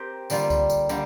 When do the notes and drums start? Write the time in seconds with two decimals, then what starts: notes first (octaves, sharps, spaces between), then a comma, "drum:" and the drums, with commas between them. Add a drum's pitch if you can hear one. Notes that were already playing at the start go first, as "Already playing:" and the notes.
Already playing: C4 G4 A#4
0.30 D3 G3 A#3 F4, drum: tambourine
0.50 drum: kick C#2, tambourine
0.70 drum: tambourine
0.89 D3 G3 A#3, drum: tambourine